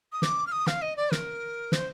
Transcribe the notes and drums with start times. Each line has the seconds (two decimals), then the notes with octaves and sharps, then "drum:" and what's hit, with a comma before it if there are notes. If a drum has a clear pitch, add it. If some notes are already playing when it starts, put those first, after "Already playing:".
0.12 D#6
0.22 D6, drum: snare
0.46 F6
0.52 D#6
0.67 F5, drum: snare
0.81 D#5
0.96 D5
1.12 A#4, drum: snare
1.72 C5, drum: snare